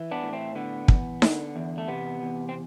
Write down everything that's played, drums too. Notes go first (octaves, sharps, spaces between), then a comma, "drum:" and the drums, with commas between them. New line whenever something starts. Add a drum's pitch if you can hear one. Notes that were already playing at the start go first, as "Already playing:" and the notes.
Already playing: E3
B3 D4
A2
A3 C4
D3 B3
E2, drum: kick
D3, drum: snare D#4
E2
A3
C3 B3
E2
C4